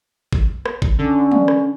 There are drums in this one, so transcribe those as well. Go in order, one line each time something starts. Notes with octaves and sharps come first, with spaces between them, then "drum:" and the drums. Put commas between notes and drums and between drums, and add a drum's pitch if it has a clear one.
drum: kick G#1
drum: rim click
drum: kick G#1
D3 C#4
drum: tom
drum: rim click